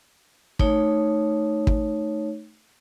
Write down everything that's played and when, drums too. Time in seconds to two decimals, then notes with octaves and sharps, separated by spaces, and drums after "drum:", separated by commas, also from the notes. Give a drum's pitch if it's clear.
0.59 A3 D#4 C#5, drum: kick
1.67 drum: kick